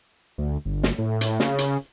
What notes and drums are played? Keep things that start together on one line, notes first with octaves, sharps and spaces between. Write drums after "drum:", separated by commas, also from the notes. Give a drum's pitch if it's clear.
D2
G1
drum: snare
A2
drum: hi-hat
C#3, drum: snare
drum: hi-hat